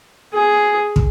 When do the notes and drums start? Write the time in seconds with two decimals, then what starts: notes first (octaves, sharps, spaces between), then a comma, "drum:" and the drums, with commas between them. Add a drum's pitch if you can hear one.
0.34 G#4
0.96 drum: kick